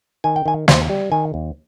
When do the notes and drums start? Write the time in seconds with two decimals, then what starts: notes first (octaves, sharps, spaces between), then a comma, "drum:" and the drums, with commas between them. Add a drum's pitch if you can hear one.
0.24 D#3 G#5
0.36 G5
0.46 D#3 G#5
0.68 D#2 C5, drum: snare
0.89 G3
1.12 D#3 G#5
1.34 D#2